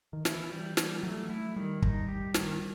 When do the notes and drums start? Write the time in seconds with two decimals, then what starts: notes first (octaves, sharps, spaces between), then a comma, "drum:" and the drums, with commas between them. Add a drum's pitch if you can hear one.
0.13 D#3
0.25 E3 E4, drum: snare
0.52 G3
0.77 G3, drum: snare
1.03 F#3 A3
1.29 A3 E4
1.56 D#3 G3
1.82 D#4, drum: kick
2.09 G4
2.34 D#3, drum: snare